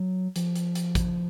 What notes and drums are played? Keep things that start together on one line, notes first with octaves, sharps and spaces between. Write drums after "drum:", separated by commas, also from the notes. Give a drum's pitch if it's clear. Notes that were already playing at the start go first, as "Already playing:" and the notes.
Already playing: F#3
F3, drum: hi-hat
drum: hi-hat
drum: hi-hat
drum: kick A1, hi-hat